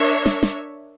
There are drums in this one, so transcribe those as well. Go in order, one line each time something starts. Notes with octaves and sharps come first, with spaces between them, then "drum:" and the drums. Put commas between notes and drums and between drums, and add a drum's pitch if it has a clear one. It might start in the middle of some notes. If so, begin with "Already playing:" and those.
Already playing: D4 A#4 C#5 E5
drum: snare
drum: snare